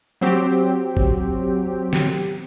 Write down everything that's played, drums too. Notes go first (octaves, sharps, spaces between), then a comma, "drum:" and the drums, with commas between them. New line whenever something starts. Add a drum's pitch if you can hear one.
F#3 C4 G4
drum: kick
drum: snare